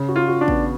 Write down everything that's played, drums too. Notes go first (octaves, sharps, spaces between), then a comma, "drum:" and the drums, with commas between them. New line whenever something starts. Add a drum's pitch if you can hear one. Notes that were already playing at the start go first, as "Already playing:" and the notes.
Already playing: C#3
F#4
F4
F#4
D4
B3, drum: kick A1